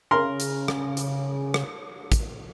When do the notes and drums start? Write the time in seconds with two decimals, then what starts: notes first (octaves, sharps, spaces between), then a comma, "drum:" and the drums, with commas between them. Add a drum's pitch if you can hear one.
0.11 C#3 A#4 C6
0.40 drum: hi-hat
0.68 drum: rim click
0.97 drum: hi-hat
1.54 drum: rim click
2.12 drum: kick, hi-hat